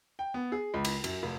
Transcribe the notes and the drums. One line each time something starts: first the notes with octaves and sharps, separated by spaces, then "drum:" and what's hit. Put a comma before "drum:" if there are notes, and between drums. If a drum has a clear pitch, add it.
G5
B3
G#4
C#2
drum: cymbal
F#2, drum: cymbal
F1